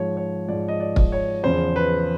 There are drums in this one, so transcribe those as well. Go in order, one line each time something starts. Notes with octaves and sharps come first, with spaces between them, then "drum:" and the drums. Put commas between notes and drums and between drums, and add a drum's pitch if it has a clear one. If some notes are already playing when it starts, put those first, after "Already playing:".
Already playing: G#2 F3 C#5
C#5
G#2 F3 D5
D#5
D5
drum: kick
C#5
E2 C#3 F3 C5
B4